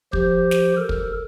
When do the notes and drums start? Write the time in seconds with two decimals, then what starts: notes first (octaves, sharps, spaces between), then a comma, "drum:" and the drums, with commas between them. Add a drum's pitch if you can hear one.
0.13 F3 G4 C5, drum: kick
0.51 drum: snare
0.77 A4 A#4
0.89 drum: kick